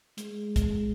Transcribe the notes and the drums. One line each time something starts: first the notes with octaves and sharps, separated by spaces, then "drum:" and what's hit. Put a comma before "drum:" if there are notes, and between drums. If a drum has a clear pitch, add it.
G#3, drum: hi-hat
drum: kick, hi-hat